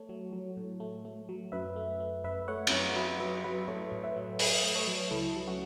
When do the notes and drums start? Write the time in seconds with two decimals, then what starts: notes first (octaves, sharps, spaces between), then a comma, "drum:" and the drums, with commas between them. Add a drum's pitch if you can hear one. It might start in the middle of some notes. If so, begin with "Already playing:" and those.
Already playing: A3 A4 C#5
0.09 F#3
0.33 F#3
0.57 A2
0.80 A3
1.05 A3
1.29 F#3
1.52 F#2 B4 E5
1.76 A3
2.00 A3
2.24 F#2 B4 E5
2.48 A3 C#5 F#5
2.67 E5, drum: cymbal
2.72 F#2 C#5 F#5
2.95 F#3 B4 E5
3.20 F#3 B4 E5
3.44 F#3 B4 E5
3.68 A2 A4 C#5
3.92 A2
4.04 B4 E5
4.16 F#3
4.39 F#3 B4 E5, drum: open hi-hat
4.63 A3
4.75 A4 C#5
4.87 F#3
5.11 C#2 E4 A4
5.36 F#3
5.47 C#4 F#4